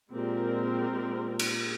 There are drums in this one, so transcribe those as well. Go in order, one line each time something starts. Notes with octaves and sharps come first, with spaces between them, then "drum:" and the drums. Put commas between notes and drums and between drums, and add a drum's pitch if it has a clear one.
A#2 G#3 C4 G4 A#4
A#2
drum: cymbal